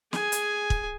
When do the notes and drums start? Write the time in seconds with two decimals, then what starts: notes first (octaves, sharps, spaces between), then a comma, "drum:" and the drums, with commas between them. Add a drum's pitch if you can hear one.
0.13 G#4 G#5, drum: snare
0.32 drum: hi-hat
0.70 drum: kick